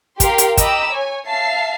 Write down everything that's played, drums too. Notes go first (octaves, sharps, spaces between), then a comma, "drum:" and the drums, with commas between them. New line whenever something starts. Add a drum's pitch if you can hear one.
G4 A#4 F5 G5 C6, drum: kick, hi-hat
drum: hi-hat
D#5 G5 A#5 B5 D6 E6, drum: kick, hi-hat
C#5 G#5
E5 F5 A5 C7